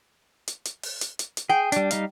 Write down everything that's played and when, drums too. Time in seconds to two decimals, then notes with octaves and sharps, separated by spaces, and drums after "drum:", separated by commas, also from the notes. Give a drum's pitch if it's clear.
0.48 drum: hi-hat
0.65 drum: hi-hat
0.83 drum: open hi-hat
1.01 drum: hi-hat
1.19 drum: hi-hat
1.37 drum: hi-hat
1.49 G#4 G5
1.72 G3 D4, drum: hi-hat
1.91 G3 D#4 F5, drum: hi-hat